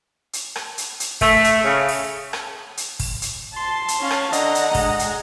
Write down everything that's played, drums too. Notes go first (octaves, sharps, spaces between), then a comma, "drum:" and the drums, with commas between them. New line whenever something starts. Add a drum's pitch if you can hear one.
drum: hi-hat
drum: rim click
drum: hi-hat
drum: hi-hat
A3, drum: kick, open hi-hat
drum: hi-hat
C#3
drum: open hi-hat
drum: rim click
drum: hi-hat
drum: kick, open hi-hat
drum: hi-hat
A5 C6
drum: hi-hat
C#4 F5
drum: rim click
D3 D#5 F#5 A#5, drum: hi-hat
drum: hi-hat
G#3, drum: kick, open hi-hat
drum: hi-hat